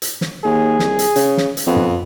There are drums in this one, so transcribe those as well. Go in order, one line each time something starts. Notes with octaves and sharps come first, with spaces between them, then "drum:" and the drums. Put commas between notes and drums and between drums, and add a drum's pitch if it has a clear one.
drum: hi-hat
drum: snare
D#2 G#4
C2, drum: snare
drum: hi-hat
C#3, drum: hi-hat
drum: snare
drum: hi-hat
F2 B3
drum: tom